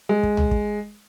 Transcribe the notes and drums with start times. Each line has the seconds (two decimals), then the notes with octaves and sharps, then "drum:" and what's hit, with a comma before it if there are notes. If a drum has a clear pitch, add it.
0.09 G#3
0.23 drum: kick
0.37 drum: tom B1
0.51 drum: kick